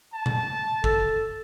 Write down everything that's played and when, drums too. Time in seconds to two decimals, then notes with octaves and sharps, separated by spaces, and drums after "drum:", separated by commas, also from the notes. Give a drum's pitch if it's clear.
0.13 A5
0.26 drum: tom A#2
0.84 A4, drum: kick